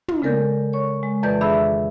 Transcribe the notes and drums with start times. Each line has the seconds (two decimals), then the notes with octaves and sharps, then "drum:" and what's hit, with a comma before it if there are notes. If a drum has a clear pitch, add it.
0.08 drum: tom
0.22 C#3 G#3 A4 A#4 D5 G6
0.73 C#5 C#6
1.03 G#3
1.23 F2 E3 A4 B4 D5 G6
1.41 D#3 D4 G#4 E5 B5 E6